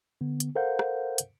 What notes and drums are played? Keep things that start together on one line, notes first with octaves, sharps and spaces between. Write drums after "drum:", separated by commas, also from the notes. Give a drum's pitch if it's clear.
D3 B3
drum: hi-hat
A4 A#4 C5 F5 F#5 G6
drum: rim click
drum: hi-hat